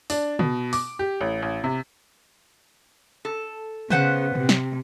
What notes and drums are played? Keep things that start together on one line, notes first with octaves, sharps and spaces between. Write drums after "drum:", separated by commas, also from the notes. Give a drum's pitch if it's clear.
D4, drum: open hi-hat
B2, drum: tom
D6, drum: open hi-hat
G4
A1
A1
C3
A4
C#3 B3 C5 F#5, drum: tom
C3, drum: tom
drum: snare